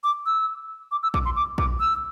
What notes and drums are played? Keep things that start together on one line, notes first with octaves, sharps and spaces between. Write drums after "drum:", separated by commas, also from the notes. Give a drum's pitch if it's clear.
D6
E6
D6
E6
D6, drum: kick A#1
C6
D6
D6, drum: kick A#1
E6